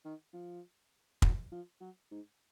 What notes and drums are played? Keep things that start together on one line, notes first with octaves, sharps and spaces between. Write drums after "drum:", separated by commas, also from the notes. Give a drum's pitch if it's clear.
D#3
F3
F#3, drum: kick
F3
F#3
G#2